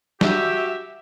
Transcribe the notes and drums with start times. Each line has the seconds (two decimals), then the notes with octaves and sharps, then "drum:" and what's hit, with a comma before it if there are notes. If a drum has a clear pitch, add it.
0.21 F#4 G4 E5, drum: snare